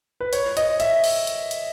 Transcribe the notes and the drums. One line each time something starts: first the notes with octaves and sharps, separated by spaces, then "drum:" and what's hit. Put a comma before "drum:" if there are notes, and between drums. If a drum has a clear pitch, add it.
B4
C#5, drum: hi-hat
D#5, drum: hi-hat
E5, drum: hi-hat
drum: open hi-hat
drum: hi-hat
drum: hi-hat